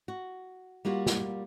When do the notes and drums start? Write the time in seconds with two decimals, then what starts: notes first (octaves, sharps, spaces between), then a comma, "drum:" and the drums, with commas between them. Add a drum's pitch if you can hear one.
0.08 F#4
0.85 G3 A#3 F4 F#4
1.06 drum: snare